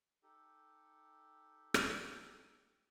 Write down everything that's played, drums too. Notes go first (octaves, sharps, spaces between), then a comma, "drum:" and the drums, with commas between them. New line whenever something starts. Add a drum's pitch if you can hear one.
D#4 G4 A4
drum: rim click